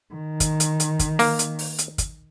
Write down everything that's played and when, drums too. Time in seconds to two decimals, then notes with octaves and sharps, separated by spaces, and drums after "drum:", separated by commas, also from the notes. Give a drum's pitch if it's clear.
0.13 D#3
0.40 drum: kick, hi-hat
0.60 drum: hi-hat
0.80 drum: hi-hat
0.99 drum: kick, hi-hat
1.19 A#3, drum: open hi-hat
1.39 drum: hi-hat
1.59 drum: open hi-hat
1.78 drum: hi-hat
1.98 drum: kick, hi-hat